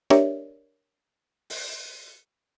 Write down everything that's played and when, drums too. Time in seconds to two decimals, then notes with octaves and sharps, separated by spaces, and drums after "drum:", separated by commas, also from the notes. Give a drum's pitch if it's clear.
0.10 D4 G4 A#4 C#5 D5 E5, drum: snare
1.50 drum: open hi-hat